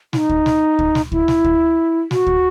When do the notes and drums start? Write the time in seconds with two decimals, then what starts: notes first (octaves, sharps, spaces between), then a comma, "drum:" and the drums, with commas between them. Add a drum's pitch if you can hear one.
0.13 E4, drum: snare
0.17 D#4
0.29 drum: kick
0.46 drum: snare
0.79 drum: kick
0.95 drum: snare
1.12 E4, drum: kick
1.28 drum: snare
1.44 drum: kick
2.11 F#4, drum: snare
2.27 drum: kick